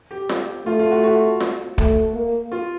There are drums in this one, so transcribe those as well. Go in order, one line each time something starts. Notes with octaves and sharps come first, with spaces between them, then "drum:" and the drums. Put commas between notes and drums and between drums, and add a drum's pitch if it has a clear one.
G4
drum: snare F4
A3 F4
F4
F#4
F#4
drum: snare F4
A3, drum: kick
A#3
F4